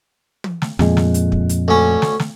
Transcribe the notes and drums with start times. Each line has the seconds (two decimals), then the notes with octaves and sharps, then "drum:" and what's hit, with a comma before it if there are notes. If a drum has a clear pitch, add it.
0.44 drum: tom
0.62 drum: snare
0.79 F2 A#2 G#3, drum: snare
0.97 drum: snare
1.14 drum: hi-hat
1.32 drum: kick
1.49 drum: hi-hat
1.68 D2 C#4
2.02 drum: snare
2.20 drum: snare